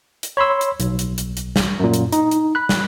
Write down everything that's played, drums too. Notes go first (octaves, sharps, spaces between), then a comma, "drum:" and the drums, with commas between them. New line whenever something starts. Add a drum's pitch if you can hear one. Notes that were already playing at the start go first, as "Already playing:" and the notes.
drum: hi-hat
C#5 B5 C6 E6
drum: hi-hat
B1, drum: hi-hat
drum: hi-hat
drum: hi-hat
drum: hi-hat
drum: snare
F#2 A#2
drum: hi-hat
D#4, drum: hi-hat
drum: hi-hat
B5 F#6
drum: snare